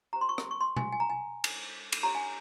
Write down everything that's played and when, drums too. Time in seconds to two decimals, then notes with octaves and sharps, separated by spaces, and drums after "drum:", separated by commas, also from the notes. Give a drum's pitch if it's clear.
0.13 G4 C5 A#5
0.21 C6
0.29 C#6
0.38 drum: rim click
0.51 C#6
0.61 C6
0.76 G#5, drum: tom B2
0.92 G#5
1.00 A#5
1.10 G#5
1.44 drum: cymbal
1.92 drum: cymbal
2.03 G4 C#5 A#5
2.15 G#5